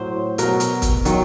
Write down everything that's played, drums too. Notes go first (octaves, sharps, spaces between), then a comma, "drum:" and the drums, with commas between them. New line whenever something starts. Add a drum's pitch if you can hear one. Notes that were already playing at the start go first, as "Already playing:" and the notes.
Already playing: A2 F#3 C5
B2 F#3 A#4, drum: hi-hat
drum: hi-hat
drum: kick C#1, hi-hat
D#3 F#3, drum: hi-hat